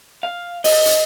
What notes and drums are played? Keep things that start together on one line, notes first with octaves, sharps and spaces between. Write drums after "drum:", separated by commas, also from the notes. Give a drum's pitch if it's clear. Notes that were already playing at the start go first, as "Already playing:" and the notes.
F5
D#5, drum: open hi-hat
drum: hi-hat